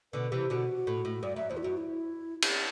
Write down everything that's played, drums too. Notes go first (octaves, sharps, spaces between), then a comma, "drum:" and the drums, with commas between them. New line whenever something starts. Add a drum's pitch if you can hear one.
B2 D3 B4
C3 E3 G4
B2 D3 F#4
A2
A2
G2 D5
F#2 E5
E2 C5
E4
F#2 F#4
E4
drum: cymbal